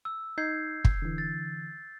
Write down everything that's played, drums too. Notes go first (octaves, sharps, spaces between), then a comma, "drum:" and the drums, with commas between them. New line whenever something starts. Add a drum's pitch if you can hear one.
E6
D#4 G6 G#6 C7
drum: kick
D3 E3
A6